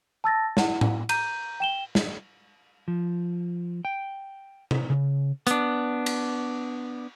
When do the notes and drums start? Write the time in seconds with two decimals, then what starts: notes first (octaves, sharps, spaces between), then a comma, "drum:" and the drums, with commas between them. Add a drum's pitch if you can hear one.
0.24 A5 E6 A6 A#6
0.57 E4 F#5, drum: snare
0.81 drum: tom A2
1.09 A#5 G6 D#7, drum: cymbal
1.60 G5 E7 G7
1.95 drum: snare
2.88 F3
3.85 G5
4.71 drum: tom C3
4.90 C#3
5.47 B3 D4, drum: hi-hat
6.06 drum: cymbal